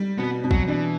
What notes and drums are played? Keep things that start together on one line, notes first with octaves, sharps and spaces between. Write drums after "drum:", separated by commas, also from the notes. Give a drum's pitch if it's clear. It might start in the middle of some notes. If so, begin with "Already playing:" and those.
Already playing: G3
B2 B3
B2
F#3, drum: kick
E3 D4